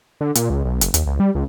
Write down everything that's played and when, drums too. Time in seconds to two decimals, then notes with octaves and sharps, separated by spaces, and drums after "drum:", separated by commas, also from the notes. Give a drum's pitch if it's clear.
0.21 D3
0.35 A#2, drum: hi-hat
0.50 C#2
0.65 B1
0.81 F#1, drum: hi-hat
0.94 D#2, drum: hi-hat
1.06 C#2
1.20 G3
1.35 C#2